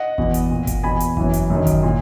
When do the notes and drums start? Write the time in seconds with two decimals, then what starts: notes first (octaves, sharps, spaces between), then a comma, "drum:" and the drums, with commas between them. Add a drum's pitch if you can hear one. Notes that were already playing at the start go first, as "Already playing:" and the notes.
Already playing: D#5 F#5
0.18 E2 B2, drum: kick G1
0.34 drum: hi-hat
0.51 A#2
0.67 drum: kick G1, hi-hat
0.84 E2 B2 G#5 B5
1.00 drum: hi-hat
1.17 F#2 E3, drum: kick G1
1.33 drum: hi-hat
1.50 F#2 D#3
1.67 drum: kick G1, hi-hat
1.83 A#2